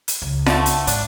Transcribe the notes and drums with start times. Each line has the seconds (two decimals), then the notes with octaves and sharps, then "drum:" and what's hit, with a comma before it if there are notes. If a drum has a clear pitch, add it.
0.08 drum: hi-hat
0.22 C#2
0.46 D3 F3 A3, drum: snare F4
0.66 drum: hi-hat
0.87 G#2 D4, drum: hi-hat